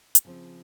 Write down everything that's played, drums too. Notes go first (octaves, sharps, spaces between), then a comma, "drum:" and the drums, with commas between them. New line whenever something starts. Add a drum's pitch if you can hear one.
drum: hi-hat
C#3 F3 C4